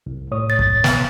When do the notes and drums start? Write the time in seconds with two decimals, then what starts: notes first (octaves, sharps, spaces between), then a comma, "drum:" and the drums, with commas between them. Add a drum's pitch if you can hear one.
0.06 C2
0.31 A2 C#5 D#6
0.50 A6
0.59 drum: kick
0.84 B3, drum: snare